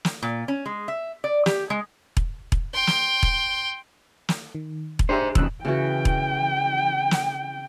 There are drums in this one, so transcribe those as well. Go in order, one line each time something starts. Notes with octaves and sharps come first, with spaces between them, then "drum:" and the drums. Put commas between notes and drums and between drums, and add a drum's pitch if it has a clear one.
drum: snare
A#2
C#4
G#3
E5
D5
G4, drum: snare
G#3
drum: kick E1
drum: kick E1
G5 C6
drum: snare
drum: kick E1
drum: snare
D#3
drum: kick E1
D4 G4 G#4 C5 E5
F2 C#3 E6 F#6, drum: kick E1
C#3 E3 F#4 G5
drum: kick E1
drum: snare